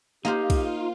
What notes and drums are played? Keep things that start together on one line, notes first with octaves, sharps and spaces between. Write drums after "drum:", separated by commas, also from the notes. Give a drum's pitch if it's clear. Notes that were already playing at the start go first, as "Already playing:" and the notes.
A#3 D#4 F4 G4 A#4 C5
drum: kick, cymbal